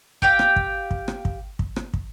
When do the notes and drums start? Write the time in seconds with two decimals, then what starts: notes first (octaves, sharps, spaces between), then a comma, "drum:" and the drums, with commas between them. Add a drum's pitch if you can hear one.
0.22 G4 F5 G5, drum: kick
0.39 drum: rim click
0.56 drum: kick
0.91 drum: kick
1.08 drum: rim click
1.25 drum: kick
1.59 drum: kick
1.76 drum: rim click
1.94 drum: kick